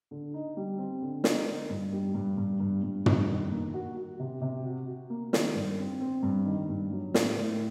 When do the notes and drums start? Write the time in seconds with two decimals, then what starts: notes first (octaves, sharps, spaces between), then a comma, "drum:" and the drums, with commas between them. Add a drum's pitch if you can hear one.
0.11 D3
0.34 D#4
0.57 G3
0.79 C4
1.02 D3
1.24 D#4, drum: snare
1.47 D#4
1.70 G2
1.92 G3
2.15 G2
2.38 G2
2.60 G2
2.83 G2
3.06 G2, drum: tom
3.29 D#3
3.51 A#3
3.74 F#4
3.96 F#4
4.19 C3
4.42 C3
4.65 F#4
4.87 F#4
5.10 A#3
5.33 D#3, drum: snare
5.55 G2
5.78 C4
6.01 C4
6.23 G2
6.46 D#3
6.69 G2
6.91 F#3
7.14 A2, drum: snare
7.36 A2